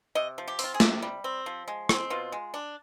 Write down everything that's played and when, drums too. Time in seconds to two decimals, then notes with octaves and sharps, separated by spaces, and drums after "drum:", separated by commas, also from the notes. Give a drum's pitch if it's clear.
0.15 C3 D#5
0.38 F3
0.48 G4
0.59 C4 F4, drum: open hi-hat
0.74 G#4
0.80 C3 G4, drum: snare
1.02 G3
1.24 C4
1.46 F3
1.68 G#3
1.89 C4, drum: rim click
2.10 B2 F4
2.32 G#3
2.54 D4